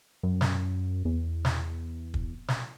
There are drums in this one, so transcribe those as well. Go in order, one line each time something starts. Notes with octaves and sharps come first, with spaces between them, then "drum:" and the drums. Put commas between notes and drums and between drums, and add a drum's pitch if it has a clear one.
F#2
drum: snare
E2
drum: snare
drum: kick
drum: snare